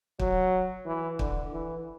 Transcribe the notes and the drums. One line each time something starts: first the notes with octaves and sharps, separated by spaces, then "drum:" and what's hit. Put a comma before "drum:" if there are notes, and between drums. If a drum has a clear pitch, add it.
F#3, drum: kick
E3
D3, drum: kick
E3